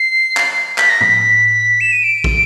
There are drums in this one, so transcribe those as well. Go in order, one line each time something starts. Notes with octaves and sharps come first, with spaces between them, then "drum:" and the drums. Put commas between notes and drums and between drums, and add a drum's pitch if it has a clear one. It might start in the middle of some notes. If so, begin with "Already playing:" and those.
Already playing: C7
drum: clap
B6, drum: clap
A#6
B6, drum: tom A2
E7
D#7
D7
drum: kick